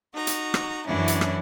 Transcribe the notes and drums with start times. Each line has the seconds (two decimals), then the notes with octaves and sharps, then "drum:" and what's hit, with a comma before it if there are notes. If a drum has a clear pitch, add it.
0.13 D#4 F#4 A#5
0.27 drum: hi-hat
0.54 drum: rim click
0.86 F#2 E3 F#3 C#4 D4 E4
1.08 drum: hi-hat
1.21 drum: rim click